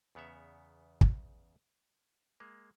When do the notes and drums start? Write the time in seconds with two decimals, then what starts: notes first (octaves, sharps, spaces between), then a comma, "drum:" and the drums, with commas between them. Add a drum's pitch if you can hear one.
0.15 E2 C#3 B3 C#5 E5
1.01 drum: kick
2.40 G#3 A#3